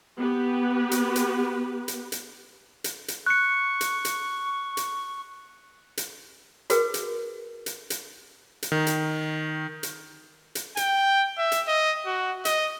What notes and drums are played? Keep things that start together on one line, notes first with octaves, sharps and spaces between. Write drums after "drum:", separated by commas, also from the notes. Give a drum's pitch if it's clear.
B3 G4 B4
drum: hi-hat
drum: hi-hat
drum: hi-hat
drum: hi-hat
drum: hi-hat
drum: hi-hat
C#6 F#6 C#7
drum: hi-hat
drum: hi-hat
drum: hi-hat
drum: hi-hat
F#4 G#4 A#4 B4, drum: hi-hat
drum: hi-hat
drum: hi-hat
drum: hi-hat
drum: hi-hat
D#3
drum: hi-hat
drum: hi-hat
drum: hi-hat
G5, drum: hi-hat
E5
drum: hi-hat
D#5
F#4
D#5, drum: hi-hat